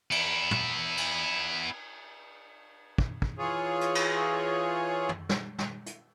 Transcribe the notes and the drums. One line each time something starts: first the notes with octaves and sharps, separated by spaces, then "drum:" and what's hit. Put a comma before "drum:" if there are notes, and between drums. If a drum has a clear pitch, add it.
B3 E4, drum: cymbal
drum: tom
drum: cymbal
drum: kick
drum: kick
E3 F4 G#4 C#5
drum: hi-hat
drum: cymbal
drum: tom
drum: snare
drum: snare
drum: hi-hat